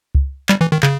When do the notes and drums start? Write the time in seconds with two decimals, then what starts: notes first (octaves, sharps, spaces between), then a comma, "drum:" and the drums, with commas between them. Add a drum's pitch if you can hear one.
0.15 drum: kick C#2
0.49 G3, drum: clap
0.61 E3
0.72 D#3
0.83 C#3, drum: clap